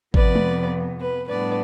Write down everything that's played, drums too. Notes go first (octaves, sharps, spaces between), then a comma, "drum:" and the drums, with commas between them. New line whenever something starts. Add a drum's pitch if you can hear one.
F2 C3 F3 B3 B4 D5, drum: kick G#1
drum: tom G#3
B4
A2 G3 B3 D4 B4 D5